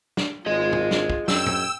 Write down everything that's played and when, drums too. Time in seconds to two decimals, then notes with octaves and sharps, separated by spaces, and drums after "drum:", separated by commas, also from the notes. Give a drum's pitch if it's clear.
0.17 drum: snare
0.46 G#1 F4 G#4 D#5
0.73 drum: tom
0.91 drum: snare
1.10 drum: kick
1.28 F#2 G5 E6, drum: snare
1.46 drum: tom